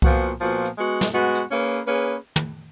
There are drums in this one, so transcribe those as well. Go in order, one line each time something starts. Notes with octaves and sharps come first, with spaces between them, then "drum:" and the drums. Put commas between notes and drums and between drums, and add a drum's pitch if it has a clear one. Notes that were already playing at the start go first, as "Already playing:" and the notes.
A#2 F3 B3 F#4, drum: kick C2
A#2 F3 B3 F#4
drum: hi-hat
G#3 B3 F#4
drum: snare
G#3 B3 F#4
drum: hi-hat
A#3 C#4 G#4 B4
A#3 C#4 G#4 B4
drum: tom